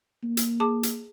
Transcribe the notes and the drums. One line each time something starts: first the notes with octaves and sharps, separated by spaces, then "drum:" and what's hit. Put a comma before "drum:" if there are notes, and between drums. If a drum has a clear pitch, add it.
A#3
drum: hi-hat
G#4 A5 D6
drum: hi-hat